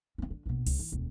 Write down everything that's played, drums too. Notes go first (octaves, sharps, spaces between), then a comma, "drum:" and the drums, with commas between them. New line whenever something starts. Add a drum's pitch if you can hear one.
C4 C#4
D3
A#1 B2
C#2, drum: open hi-hat
E3
E1 D2